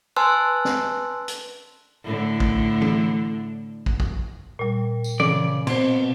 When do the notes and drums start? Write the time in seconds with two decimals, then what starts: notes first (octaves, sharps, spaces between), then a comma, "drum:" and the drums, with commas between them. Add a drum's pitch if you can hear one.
0.16 B4 G#5 A5 C6 E6 F#6
0.65 drum: snare
1.28 drum: hi-hat
2.03 A2 D3
2.40 drum: kick
2.82 drum: tom
3.86 drum: kick
4.00 drum: kick
4.59 A#2 G3
5.04 drum: tambourine
5.20 C#3 D5, drum: tom
5.67 B2 C4 C5, drum: cymbal